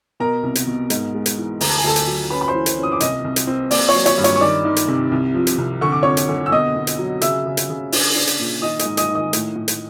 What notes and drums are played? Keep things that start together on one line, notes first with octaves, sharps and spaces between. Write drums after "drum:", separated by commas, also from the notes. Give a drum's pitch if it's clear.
B2 A#4 A#5
C2
drum: hi-hat
B2
G#2, drum: hi-hat
G#3
drum: hi-hat
E3
D2 A#5, drum: open hi-hat
A5
G#5
D2 A4 A5
drum: hi-hat
F#3
C#4 B4 B5
B5
C5 C6
E3
drum: hi-hat
C#4
D#6
D6
C2 D#5 D#6, drum: hi-hat
C2
drum: hi-hat
C4
A#3 D5 D6, drum: open hi-hat
C#5 C#6
F#3
C#5 C#6, drum: hi-hat
G2
C#5 C#6, drum: hi-hat
C#6
D#3 D5 D6
D#3
drum: hi-hat
C3
C2
F3
drum: hi-hat
C2
D3 C#6
D6
F2 C#5 C#6
drum: hi-hat
D3
E6
B2 D#5 D#6
B2
drum: hi-hat
F#3
C#3 E5 E6, drum: hi-hat
C#3
drum: hi-hat
C#3
D4, drum: open hi-hat
D4
drum: hi-hat
A#2
D#3 D#5 D#6
D#5 D#6, drum: hi-hat
G#2
D#5 D#6, drum: hi-hat
D#3
D#5 D#6
A2, drum: hi-hat
A2
drum: hi-hat